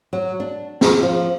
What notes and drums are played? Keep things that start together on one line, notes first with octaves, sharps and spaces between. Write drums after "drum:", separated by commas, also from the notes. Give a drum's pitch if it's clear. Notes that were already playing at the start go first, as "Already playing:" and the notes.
F#3
D4
G#4, drum: snare
F3